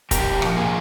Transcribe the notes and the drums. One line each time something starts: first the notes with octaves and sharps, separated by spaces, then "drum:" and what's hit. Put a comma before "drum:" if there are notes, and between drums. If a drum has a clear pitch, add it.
A#2 G4 A#4, drum: kick, hi-hat
F3, drum: rim click
F4 G#4